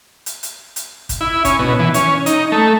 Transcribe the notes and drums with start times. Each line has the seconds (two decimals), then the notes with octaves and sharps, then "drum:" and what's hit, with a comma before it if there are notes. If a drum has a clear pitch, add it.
0.26 drum: hi-hat
0.43 drum: hi-hat
0.76 drum: hi-hat
1.09 drum: kick, hi-hat
1.21 E4
1.45 C#4, drum: kick, hi-hat
1.59 B2
1.79 E3
1.94 C#4, drum: hi-hat
2.26 D#4, drum: hi-hat
2.52 A3